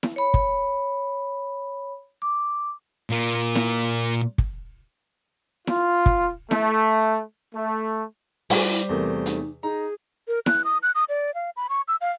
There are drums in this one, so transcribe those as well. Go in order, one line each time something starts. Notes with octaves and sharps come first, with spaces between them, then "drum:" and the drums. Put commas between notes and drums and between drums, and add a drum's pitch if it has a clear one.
drum: snare E4
C#5 B5
drum: kick
D6
A#2 A#3
drum: snare E4
drum: kick
F4, drum: snare E4
drum: kick
A3, drum: snare E4
A3
G3 A4 C5, drum: open hi-hat
E4
E2 C3 A3 A#4
D#4, drum: hi-hat
D#4 G#4 A#5
A#4
F#6, drum: snare E4
D#6
F#6
D#6
D5
F5
B5
C#6
E6
F5